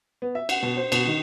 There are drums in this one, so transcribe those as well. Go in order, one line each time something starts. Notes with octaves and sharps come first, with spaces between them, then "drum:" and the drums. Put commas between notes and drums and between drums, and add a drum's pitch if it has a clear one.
B3
E5
F#5, drum: cymbal
B2
C5
B2, drum: cymbal
D#3